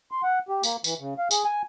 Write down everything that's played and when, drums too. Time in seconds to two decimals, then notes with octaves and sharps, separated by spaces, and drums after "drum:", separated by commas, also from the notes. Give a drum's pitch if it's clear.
0.11 C6
0.23 F#5
0.49 G4
0.63 A#3, drum: tambourine
0.84 E3, drum: tambourine
1.00 C#3
1.18 F5
1.31 G#4, drum: tambourine
1.44 G#5